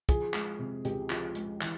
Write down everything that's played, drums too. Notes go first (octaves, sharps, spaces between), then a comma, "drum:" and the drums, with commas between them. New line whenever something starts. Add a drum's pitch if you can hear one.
F3 G#4, drum: kick, hi-hat
G#3, drum: clap
C3
C#2 G4, drum: hi-hat
F3, drum: clap
G#3, drum: hi-hat
E3, drum: clap